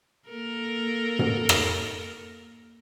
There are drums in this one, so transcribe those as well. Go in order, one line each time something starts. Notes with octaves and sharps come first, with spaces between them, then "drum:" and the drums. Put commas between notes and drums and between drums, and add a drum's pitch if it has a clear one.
A#3 A4 A#4
drum: tom
drum: rim click